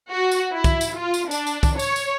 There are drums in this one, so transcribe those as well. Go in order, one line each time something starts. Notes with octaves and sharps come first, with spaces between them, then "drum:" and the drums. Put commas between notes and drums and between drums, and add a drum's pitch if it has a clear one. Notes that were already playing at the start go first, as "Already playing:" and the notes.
F#4
drum: tambourine
E4
drum: kick, tambourine
drum: tambourine
F4
drum: tambourine
D4, drum: tambourine
drum: tambourine
drum: kick, tambourine
C#5, drum: tambourine
drum: tambourine